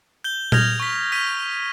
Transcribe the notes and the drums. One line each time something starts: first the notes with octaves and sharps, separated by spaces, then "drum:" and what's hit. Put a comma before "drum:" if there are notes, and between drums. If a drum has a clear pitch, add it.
G6 G7
D#6 F6 G6 G#6 A#6 F7, drum: tom A#2
C#6 B6
F6 B6 D#7